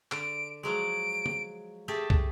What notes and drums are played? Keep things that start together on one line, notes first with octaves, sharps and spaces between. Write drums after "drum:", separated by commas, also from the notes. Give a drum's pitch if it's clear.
D3 D7, drum: clap
F3 F#3 G#3 D7
drum: tom D3
A3 G4 G#4 A5
drum: kick